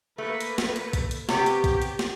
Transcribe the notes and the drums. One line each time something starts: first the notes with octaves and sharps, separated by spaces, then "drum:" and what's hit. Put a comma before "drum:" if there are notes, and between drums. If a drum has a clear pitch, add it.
A3 A#3 B4
drum: hi-hat
drum: snare
drum: hi-hat
drum: kick B1, hi-hat
drum: hi-hat
C3 B3 G4 C#5, drum: snare
drum: hi-hat
drum: kick B1, hi-hat
drum: hi-hat
drum: snare